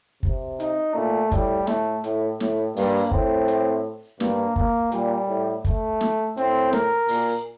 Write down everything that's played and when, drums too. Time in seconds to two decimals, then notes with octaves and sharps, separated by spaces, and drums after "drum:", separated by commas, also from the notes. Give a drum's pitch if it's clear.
0.23 C3, drum: kick
0.60 D#4, drum: hi-hat
0.95 A#2 A3
1.31 A2 G3, drum: kick, hi-hat
1.67 A2 A3, drum: snare
2.04 A2, drum: hi-hat
2.40 A2, drum: snare
2.76 G2 A#3, drum: open hi-hat
3.11 A2 C4, drum: kick
3.48 drum: hi-hat
4.20 G2 A#3, drum: snare
4.56 A#3, drum: kick
4.92 A#2 G3, drum: hi-hat
5.28 A2
5.65 A3, drum: kick, hi-hat
6.01 drum: snare
6.37 A2 C4, drum: hi-hat
6.73 A#4, drum: snare
7.08 A#2, drum: open hi-hat